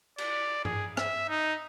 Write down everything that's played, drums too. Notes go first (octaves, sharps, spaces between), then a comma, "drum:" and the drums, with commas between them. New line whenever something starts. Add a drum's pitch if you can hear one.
D5, drum: cymbal
G#4, drum: tom G2
E5, drum: rim click
D#4